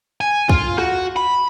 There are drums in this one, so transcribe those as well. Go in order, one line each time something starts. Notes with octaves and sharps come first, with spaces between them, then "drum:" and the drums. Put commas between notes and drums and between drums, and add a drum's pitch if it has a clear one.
G#5
F4, drum: kick
F#4, drum: rim click
B5